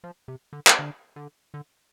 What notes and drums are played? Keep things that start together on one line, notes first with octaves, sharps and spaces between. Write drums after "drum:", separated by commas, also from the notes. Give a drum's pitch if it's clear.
F3
C3
D3
drum: clap
D3
D3
D3